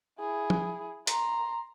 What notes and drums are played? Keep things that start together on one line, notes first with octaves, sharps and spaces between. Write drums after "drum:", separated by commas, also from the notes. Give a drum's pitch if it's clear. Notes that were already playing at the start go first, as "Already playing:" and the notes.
E4 G#4
drum: tom
A#5 C6, drum: hi-hat